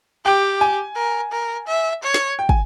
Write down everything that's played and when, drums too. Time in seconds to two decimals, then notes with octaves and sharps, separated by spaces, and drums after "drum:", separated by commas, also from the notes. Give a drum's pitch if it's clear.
0.25 G4 G5
0.61 G#5
0.96 A#4
1.32 A#4
1.68 E5
2.03 C#5
2.14 drum: snare
2.39 G5
2.49 G#5, drum: kick